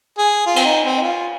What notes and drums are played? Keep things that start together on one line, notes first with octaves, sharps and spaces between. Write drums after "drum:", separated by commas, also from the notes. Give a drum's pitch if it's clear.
G#4
F4
C4, drum: cymbal
D#4
C4
D#4
F4